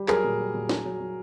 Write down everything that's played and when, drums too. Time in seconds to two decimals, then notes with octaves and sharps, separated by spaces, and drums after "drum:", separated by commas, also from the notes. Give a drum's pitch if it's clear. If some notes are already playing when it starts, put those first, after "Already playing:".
Already playing: G3
0.08 F#3 G#4 A#4, drum: clap
0.24 A#2
0.40 F#3
0.54 A#2
0.69 F#3, drum: snare
0.85 F#3
1.00 F#3